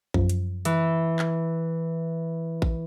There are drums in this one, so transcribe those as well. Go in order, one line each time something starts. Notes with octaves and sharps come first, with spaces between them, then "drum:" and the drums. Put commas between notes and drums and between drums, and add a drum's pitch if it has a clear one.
F#2 F3, drum: kick A1
drum: hi-hat
E3, drum: hi-hat
drum: clap
drum: kick A1